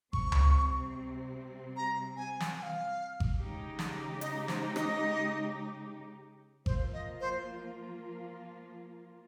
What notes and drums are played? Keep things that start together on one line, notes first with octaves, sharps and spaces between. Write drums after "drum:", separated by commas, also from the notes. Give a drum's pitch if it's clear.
C3 G3 C4 C#6, drum: kick G#1
drum: tom C#2
A#5
G#5
drum: snare
G#5
F5
drum: kick G#1
C#3 G#3 D#4 G4
drum: snare
D#5, drum: hi-hat
C5, drum: snare
D#5, drum: rim click
F3 A#3 F4 C5, drum: kick G#1
D#5
C5